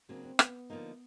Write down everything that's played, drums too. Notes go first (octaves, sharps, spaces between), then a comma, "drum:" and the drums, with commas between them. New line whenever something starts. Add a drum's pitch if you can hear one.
C#3 F#3 A#3 C4 D4
C4
B3, drum: rim click
D3 F3 A#3 D#4